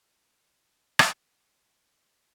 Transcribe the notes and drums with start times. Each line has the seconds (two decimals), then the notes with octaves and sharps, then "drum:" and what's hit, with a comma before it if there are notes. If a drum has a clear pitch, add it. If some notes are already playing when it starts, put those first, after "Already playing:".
0.14 B4 F#6
0.99 drum: rim click